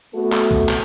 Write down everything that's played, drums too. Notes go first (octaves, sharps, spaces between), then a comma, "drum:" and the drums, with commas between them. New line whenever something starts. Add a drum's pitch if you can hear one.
A3 B3 F#4 A4
drum: clap
drum: kick C2
drum: clap